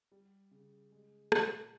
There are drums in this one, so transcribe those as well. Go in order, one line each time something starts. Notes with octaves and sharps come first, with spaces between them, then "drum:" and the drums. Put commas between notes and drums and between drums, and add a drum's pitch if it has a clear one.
G3
C#3
G#3
A#2, drum: rim click